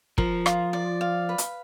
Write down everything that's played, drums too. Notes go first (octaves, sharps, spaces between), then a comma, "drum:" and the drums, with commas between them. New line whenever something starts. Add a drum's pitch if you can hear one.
F3 A#4, drum: kick
F4, drum: rim click
D5
F5
B4
drum: hi-hat